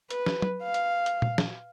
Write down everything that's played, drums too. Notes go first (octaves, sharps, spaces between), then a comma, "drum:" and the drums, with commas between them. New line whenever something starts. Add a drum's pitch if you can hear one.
B4, drum: hi-hat
drum: snare
drum: tom F#3
F5
drum: hi-hat
drum: hi-hat
drum: tom A#2
drum: snare